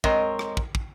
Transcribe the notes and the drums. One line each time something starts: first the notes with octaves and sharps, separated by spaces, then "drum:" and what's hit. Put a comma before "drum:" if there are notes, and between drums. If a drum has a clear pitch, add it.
G#3 C4 A#4 C#5 D#5, drum: kick
drum: rim click
drum: kick
drum: kick